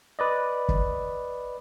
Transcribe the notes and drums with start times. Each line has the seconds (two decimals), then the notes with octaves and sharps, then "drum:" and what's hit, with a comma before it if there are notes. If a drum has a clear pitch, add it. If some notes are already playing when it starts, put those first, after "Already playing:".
0.19 B4 D5 D#5
0.69 drum: kick